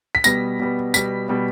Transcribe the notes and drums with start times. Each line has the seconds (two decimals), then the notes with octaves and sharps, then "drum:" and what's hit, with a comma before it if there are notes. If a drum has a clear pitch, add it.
0.15 B6
0.24 B2 G3 B3 A#6, drum: tambourine
0.59 B2 G3 B3
0.94 B2 G3 B3 B6, drum: tambourine
1.29 B2 G3 B3